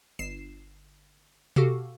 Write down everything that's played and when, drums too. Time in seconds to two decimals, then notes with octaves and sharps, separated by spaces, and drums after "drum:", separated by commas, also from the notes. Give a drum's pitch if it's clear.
0.19 G1 C7 E7
1.56 F#4 G4 A4 F5, drum: tom B2